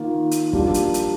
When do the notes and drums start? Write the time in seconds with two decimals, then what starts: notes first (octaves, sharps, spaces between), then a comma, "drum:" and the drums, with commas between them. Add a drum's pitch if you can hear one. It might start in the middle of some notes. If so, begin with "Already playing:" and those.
Already playing: D#3 A#3 F4
0.31 drum: hi-hat
0.53 G3 A#3 D4 F4, drum: kick
0.74 drum: hi-hat
0.94 drum: hi-hat